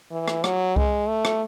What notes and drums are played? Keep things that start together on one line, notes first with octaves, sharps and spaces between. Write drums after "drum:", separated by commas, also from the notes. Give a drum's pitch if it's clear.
E3
drum: rim click
F#3, drum: rim click
G#3, drum: kick C2
A3
drum: rim click